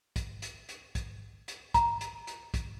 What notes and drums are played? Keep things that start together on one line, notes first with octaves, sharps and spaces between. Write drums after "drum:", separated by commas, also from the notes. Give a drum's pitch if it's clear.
drum: kick, hi-hat
drum: hi-hat
drum: hi-hat
drum: kick, hi-hat
drum: hi-hat
A#5, drum: kick, hi-hat
drum: hi-hat
drum: hi-hat
drum: kick, hi-hat